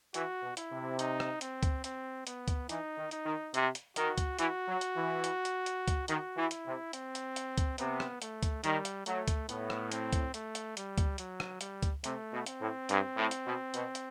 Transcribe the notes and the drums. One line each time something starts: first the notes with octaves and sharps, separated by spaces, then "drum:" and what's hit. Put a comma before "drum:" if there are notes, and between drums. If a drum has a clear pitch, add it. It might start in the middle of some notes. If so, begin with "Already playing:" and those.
E3 F#4, drum: hi-hat
B2
E4, drum: hi-hat
C3
D#4, drum: hi-hat
drum: rim click
C4, drum: hi-hat
drum: kick C#2, hi-hat
C4, drum: hi-hat
B3, drum: hi-hat
drum: kick C#2, hi-hat
E3 D#4, drum: hi-hat
D#3
D#4, drum: hi-hat
D#3
C3, drum: hi-hat
drum: hi-hat
D#3 F#4, drum: hi-hat
drum: kick C#2, hi-hat
E3 F#4, drum: hi-hat
F#3
drum: hi-hat
E3
drum: hi-hat
drum: hi-hat
drum: hi-hat
drum: kick C#2, hi-hat
D#3 F#4, drum: hi-hat
E3
E4, drum: hi-hat
C3
C4, drum: hi-hat
drum: hi-hat
drum: hi-hat
drum: kick C#2, hi-hat
C3 B3, drum: hi-hat
drum: rim click
A3, drum: hi-hat
drum: kick C#2, hi-hat
D#3 G3, drum: hi-hat
drum: hi-hat
F#3 A3, drum: hi-hat
drum: kick C#2, hi-hat
A2 B3, drum: hi-hat
drum: rim click
C4, drum: hi-hat
drum: kick C#2, hi-hat
A3, drum: hi-hat
drum: hi-hat
G3, drum: hi-hat
drum: kick C#2, hi-hat
F#3, drum: hi-hat
drum: rim click
G3, drum: hi-hat
drum: kick C#2, hi-hat
C3 A3, drum: hi-hat
B2
C4, drum: hi-hat
A2
G2, drum: hi-hat
A2
drum: hi-hat
B2
B2, drum: hi-hat
drum: hi-hat